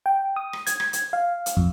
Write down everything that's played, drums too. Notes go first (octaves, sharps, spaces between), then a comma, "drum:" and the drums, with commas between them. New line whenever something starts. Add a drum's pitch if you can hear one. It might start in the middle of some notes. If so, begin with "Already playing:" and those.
G5
D#6
drum: rim click
G#6, drum: hi-hat
drum: rim click
drum: hi-hat
F5
drum: hi-hat
F2, drum: kick